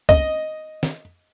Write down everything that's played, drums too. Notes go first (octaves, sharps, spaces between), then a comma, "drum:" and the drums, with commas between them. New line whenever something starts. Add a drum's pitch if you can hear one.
D#5, drum: kick, hi-hat
drum: snare